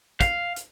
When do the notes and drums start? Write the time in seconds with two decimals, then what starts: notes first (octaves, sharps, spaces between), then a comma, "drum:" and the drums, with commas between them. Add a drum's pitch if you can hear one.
0.21 F5, drum: kick, hi-hat
0.56 drum: hi-hat